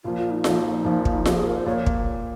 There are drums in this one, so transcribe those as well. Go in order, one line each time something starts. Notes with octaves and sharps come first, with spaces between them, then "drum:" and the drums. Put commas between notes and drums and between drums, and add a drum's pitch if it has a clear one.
A#1 A#2 F3 F4
F4
D#4
A#1 A#2 F3, drum: snare F4
A#1 A#2 F3
drum: kick
A#1 A#2 F3 G4, drum: snare F4
G#4
A#4
C5
A#2 C#5
drum: kick